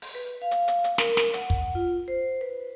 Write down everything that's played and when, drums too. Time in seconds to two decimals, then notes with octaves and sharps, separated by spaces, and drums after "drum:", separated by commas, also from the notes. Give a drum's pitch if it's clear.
0.02 drum: open hi-hat
0.15 B4
0.42 F5
0.51 drum: hi-hat
0.68 drum: hi-hat
0.84 drum: hi-hat
0.98 A#4, drum: snare
1.17 drum: snare
1.33 F#5, drum: hi-hat
1.50 drum: kick
1.75 F4
2.08 C5
2.41 B4